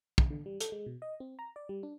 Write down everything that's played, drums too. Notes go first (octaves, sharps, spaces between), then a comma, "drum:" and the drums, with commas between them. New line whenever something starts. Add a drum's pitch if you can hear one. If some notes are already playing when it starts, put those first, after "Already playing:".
drum: kick
D3
G3
A4, drum: hi-hat
G#3
B2
D#5
C4
A#5
D5
G3
D4